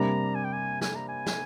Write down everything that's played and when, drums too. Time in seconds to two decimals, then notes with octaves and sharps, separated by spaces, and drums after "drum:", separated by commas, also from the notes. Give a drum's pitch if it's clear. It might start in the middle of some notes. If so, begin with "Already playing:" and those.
Already playing: C3 G3 A#3 D4 A#5
0.35 G#5
0.45 G5
0.53 G#5
0.81 G#5, drum: snare
0.95 A#5
1.09 G#5
1.26 drum: snare